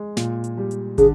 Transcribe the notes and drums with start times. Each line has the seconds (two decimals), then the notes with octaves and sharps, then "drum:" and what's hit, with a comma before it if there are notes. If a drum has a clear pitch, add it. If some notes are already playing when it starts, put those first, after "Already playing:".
Already playing: G#3
0.17 A#2, drum: snare
0.44 drum: hi-hat
0.58 G3
0.71 drum: hi-hat
0.98 D3 G#4, drum: kick, hi-hat